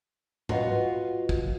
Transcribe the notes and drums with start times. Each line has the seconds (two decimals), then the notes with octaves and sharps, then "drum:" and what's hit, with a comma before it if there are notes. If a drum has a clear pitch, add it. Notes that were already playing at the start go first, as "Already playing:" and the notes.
0.49 F4 F#4 B4 D#5 F5 F#5, drum: tom G#2
1.29 drum: kick